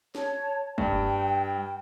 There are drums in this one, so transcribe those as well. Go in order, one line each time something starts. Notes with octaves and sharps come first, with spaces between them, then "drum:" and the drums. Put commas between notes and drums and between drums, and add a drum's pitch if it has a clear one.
C#5 A5, drum: snare
G2 G5, drum: kick